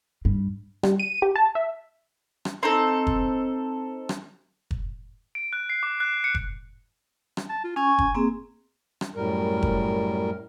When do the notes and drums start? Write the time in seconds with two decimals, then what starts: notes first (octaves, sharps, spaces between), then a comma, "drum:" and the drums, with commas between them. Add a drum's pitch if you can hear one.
0.25 G2
0.83 G3, drum: rim click
1.00 D#7
1.22 G4
1.36 A5
1.55 E5
2.45 drum: rim click
2.63 C4 D#4 A4
3.07 drum: kick
4.09 drum: rim click
4.71 drum: kick
5.35 D7
5.53 F#6
5.70 C7
5.83 D6
6.00 F#6
6.24 C#7
6.35 drum: kick
7.37 drum: rim click
7.50 A5
7.64 F4
7.76 C#4 G#5 C#6
7.99 drum: kick
8.15 A#3 C4 G#4
9.01 drum: rim click
9.15 F#2 A2 G3 A#4
9.62 drum: kick